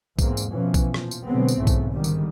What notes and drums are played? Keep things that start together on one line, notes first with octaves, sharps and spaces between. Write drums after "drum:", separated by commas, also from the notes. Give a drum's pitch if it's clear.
E2 G#2 A#3 C4, drum: kick B1, tambourine
drum: tambourine
F2 B2 E3 F3 C#4
drum: kick B1, tambourine
A#2 F3, drum: rim click
drum: tambourine
B2 D3 F#3 G#3 B3 C4
drum: tambourine
B1 G#2 C#3 E3 A3
drum: kick B1, tambourine
G#2 D3 D#3 G3
drum: tambourine